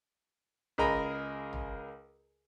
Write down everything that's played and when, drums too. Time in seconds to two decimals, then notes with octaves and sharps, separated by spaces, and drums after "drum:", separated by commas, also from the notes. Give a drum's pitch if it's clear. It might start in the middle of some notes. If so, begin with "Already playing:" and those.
0.78 C#2 G#4 A#4 D#5 A#5 B5, drum: tom
1.53 drum: tom